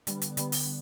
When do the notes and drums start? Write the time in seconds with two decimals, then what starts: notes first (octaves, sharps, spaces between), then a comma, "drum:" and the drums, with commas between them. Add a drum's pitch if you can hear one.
0.07 D3 G3 B3, drum: hi-hat
0.22 drum: hi-hat
0.37 D3 G3 B3, drum: hi-hat
0.52 drum: open hi-hat